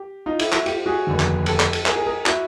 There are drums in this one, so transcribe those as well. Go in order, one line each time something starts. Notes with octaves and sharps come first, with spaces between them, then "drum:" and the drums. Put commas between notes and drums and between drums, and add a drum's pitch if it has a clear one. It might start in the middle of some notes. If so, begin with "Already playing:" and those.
Already playing: G4
D#4 F4
E4, drum: cymbal
E4 F#4, drum: clap
F4 G4, drum: cymbal
F#4 G#4
F1 D#2 D3
drum: clap
G4 A4, drum: cymbal
drum: clap
drum: cymbal
G#4 A#4, drum: clap
G#4 A#4
G#4 A#4
E4 F#4, drum: clap